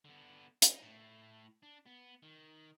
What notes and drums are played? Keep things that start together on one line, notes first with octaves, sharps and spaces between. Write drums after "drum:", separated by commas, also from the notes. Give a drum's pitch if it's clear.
D3 B3
D#4, drum: hi-hat
A2 A3
D4
B3
D#3